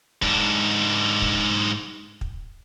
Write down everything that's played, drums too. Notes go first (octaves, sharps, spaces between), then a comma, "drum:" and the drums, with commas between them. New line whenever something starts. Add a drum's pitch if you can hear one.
G#2 D4, drum: kick
drum: kick
drum: kick